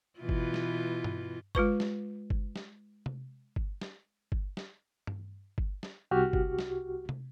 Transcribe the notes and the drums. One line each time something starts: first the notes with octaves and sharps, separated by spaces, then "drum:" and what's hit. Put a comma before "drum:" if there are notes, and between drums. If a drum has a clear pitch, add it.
B2 E3 F4
drum: kick G1
drum: snare
drum: tom G2
G#3 F4 B4 C#6, drum: kick G1
drum: snare
drum: kick G1
drum: snare
drum: tom C3
drum: kick G1
drum: snare
drum: kick G1
drum: snare
drum: tom G2
drum: kick G1
drum: snare
C2 F#4 G4 F6
drum: kick G1
drum: snare
drum: tom C3